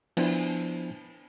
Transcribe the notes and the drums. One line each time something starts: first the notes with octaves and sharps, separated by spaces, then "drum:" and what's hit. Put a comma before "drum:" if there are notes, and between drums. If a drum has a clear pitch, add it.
F3 B3 D4 E4 C5, drum: cymbal